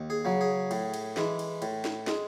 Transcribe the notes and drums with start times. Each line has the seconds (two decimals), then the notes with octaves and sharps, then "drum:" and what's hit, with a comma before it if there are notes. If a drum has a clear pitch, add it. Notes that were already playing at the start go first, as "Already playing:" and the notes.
Already playing: D#2
0.10 G#4
0.25 C#3 F#3
0.41 G#4
0.71 A2, drum: cymbal
0.94 drum: cymbal
1.17 E3 G#3, drum: snare
1.39 drum: cymbal
1.62 A2, drum: cymbal
1.85 drum: snare
2.07 G#3, drum: snare